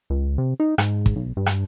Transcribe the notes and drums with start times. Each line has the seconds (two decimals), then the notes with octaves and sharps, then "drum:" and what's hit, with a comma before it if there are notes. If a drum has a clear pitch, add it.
0.10 C#2
0.38 C3
0.60 D#4
0.78 G#2, drum: rim click
1.06 drum: kick, hi-hat
1.16 B1
1.37 G2
1.46 drum: rim click